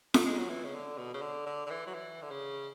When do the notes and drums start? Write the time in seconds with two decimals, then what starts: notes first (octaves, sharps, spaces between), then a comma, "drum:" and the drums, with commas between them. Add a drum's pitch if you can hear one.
0.14 A3, drum: snare
0.26 G#3
0.38 F#3
0.50 E3
0.64 C#3
0.74 D3
0.98 B2
1.14 C#3
1.22 D3
1.46 D3
1.66 D3
1.70 E3
1.87 F#3
1.94 E3
2.22 D3
2.31 C#3